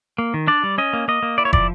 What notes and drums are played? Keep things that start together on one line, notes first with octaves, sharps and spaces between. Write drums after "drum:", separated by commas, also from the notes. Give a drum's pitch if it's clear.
A#3
D#3
D4 D5
G3
C#4 D#5
A#3
A#3 D#5
A#3
E4 D5
C#5
F3 D5, drum: kick